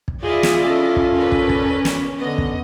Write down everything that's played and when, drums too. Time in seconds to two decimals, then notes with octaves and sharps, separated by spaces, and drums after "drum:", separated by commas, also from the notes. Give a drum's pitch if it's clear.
0.08 drum: kick
0.23 E4 F4 G#4 D5 D#5
0.43 drum: snare
0.67 C#4 A4
0.96 drum: kick
1.14 A#4 B4 D5
1.32 drum: kick
1.50 drum: kick
1.85 drum: snare
2.21 D3 B3 D#5
2.38 drum: kick